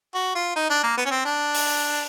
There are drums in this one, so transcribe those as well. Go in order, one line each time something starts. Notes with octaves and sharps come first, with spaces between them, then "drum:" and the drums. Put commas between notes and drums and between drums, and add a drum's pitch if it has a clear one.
F#4
F4
D#4
D4
A#3
B3
C#4
C4
D4
drum: open hi-hat